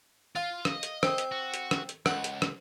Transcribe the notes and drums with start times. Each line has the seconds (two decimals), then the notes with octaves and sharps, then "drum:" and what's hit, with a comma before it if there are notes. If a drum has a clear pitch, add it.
0.36 F4 F5
0.65 D#5, drum: rim click
0.83 drum: hi-hat
1.03 C4, drum: rim click
1.18 drum: hi-hat
1.32 F#4
1.54 drum: hi-hat
1.71 drum: rim click
1.89 drum: hi-hat
2.06 C#2 F#5, drum: rim click
2.24 drum: hi-hat
2.42 drum: rim click